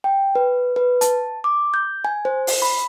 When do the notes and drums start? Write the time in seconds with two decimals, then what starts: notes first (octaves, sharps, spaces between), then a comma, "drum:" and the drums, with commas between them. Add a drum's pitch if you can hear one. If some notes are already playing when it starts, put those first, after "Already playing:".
0.04 G5
0.35 B4
0.76 B4
1.01 A5, drum: hi-hat
1.44 D6
1.74 G6
2.05 G#5
2.25 C5
2.47 drum: open hi-hat
2.62 B5